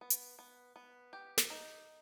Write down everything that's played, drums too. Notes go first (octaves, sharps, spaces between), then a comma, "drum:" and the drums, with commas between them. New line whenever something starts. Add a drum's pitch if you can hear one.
B3
drum: hi-hat
B3
B3
G4
drum: snare
D#4